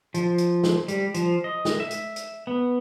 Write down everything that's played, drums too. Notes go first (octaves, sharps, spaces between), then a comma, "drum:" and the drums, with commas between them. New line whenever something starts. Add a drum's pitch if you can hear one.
F3, drum: hi-hat
drum: hi-hat
drum: snare
G3, drum: hi-hat
F3, drum: hi-hat
D#5
drum: snare
E5
drum: hi-hat
drum: hi-hat
B3